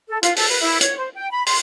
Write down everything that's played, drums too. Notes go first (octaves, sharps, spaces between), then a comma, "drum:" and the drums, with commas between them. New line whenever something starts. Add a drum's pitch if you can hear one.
A4
F4, drum: hi-hat
A4, drum: open hi-hat
B4
E4
C#5, drum: hi-hat
C5
G5
B5
C6, drum: open hi-hat